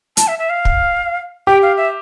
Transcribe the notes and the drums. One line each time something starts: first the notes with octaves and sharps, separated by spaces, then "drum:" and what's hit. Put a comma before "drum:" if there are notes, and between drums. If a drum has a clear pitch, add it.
A5, drum: hi-hat
E5
E5
F5
drum: kick
G4 G5
F5
E5